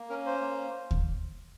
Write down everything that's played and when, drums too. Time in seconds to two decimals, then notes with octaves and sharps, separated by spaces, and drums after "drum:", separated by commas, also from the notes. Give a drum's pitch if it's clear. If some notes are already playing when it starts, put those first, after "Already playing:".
Already playing: A#3
0.10 C#4 A#4
0.26 C5
0.42 A#3
0.91 drum: kick D2